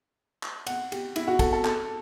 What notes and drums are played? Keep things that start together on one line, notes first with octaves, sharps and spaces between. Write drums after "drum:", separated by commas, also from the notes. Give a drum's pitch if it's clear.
drum: clap
F#5, drum: cymbal
G4, drum: cymbal
E4, drum: cymbal
F#4
A4, drum: kick, cymbal
A4
A4, drum: clap